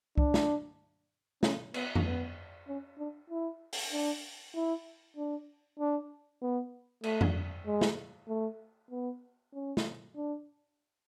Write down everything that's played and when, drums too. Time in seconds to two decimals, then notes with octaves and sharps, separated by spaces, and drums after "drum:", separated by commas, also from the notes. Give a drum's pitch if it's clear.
0.18 D4, drum: kick C2
0.34 drum: snare
1.43 C#4, drum: snare
1.74 B3, drum: cymbal
1.95 drum: tom F2
2.05 B3
2.68 C#4
2.98 D4
3.30 E4
3.73 drum: open hi-hat
3.92 D4
4.55 E4
5.17 D4
5.79 D4
6.42 B3
7.04 A3, drum: cymbal
7.21 drum: tom F2
7.67 G#3
7.81 drum: snare
8.28 A3
8.91 B3
9.54 C#4
9.77 drum: snare
10.16 D4